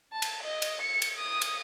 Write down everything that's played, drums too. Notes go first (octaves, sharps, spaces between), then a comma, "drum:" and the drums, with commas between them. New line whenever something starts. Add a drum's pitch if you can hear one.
A5
drum: cymbal
D#5
drum: cymbal
C#7
drum: cymbal
D#6
drum: cymbal